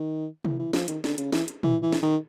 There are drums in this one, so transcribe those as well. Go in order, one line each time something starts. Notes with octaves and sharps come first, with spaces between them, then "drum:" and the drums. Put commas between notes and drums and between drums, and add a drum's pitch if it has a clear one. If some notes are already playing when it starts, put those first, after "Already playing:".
Already playing: D#3
E3, drum: tom C3
E3
F3, drum: snare
D#3, drum: hi-hat
D3, drum: snare
C#3, drum: hi-hat
E3, drum: snare
drum: hi-hat
E3, drum: tom A#2
E3
drum: snare
D#3